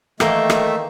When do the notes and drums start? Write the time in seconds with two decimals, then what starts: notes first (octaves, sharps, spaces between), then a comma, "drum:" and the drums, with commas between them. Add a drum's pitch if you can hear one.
0.20 D#3 E3 A3 A#3 E5 G5, drum: rim click
0.50 drum: rim click